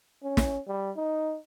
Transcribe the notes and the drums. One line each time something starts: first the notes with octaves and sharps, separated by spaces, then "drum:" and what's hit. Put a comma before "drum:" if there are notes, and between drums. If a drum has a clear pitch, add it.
C#4
drum: snare
G3
D#4